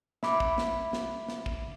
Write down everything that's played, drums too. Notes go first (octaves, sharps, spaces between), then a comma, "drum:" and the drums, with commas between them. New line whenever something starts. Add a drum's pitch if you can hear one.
E5 B5 D6, drum: snare
drum: kick
drum: snare
drum: snare
drum: snare
drum: kick